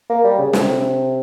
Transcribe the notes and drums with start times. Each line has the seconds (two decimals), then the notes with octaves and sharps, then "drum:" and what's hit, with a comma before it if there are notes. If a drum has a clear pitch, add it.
0.10 A#3
0.24 G3
0.39 C#3
0.53 C3, drum: snare